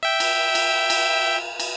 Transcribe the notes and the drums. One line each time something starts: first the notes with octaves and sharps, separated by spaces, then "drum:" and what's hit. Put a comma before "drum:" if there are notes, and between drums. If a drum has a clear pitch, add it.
E5 G5
drum: cymbal
drum: cymbal
drum: cymbal
drum: cymbal